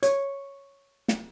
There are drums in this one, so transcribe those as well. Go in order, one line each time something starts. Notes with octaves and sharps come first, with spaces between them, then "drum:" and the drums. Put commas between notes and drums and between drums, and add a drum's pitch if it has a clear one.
C#5, drum: hi-hat
drum: snare